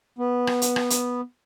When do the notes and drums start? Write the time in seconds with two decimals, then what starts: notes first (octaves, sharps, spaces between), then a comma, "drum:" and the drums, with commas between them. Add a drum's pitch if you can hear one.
0.19 B3
0.47 drum: rim click
0.62 drum: hi-hat
0.76 drum: rim click
0.90 drum: hi-hat